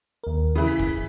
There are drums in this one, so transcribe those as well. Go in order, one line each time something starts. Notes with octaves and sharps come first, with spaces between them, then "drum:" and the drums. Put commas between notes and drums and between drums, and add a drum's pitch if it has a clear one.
D#2 A#4
C#3 E3
B6
drum: kick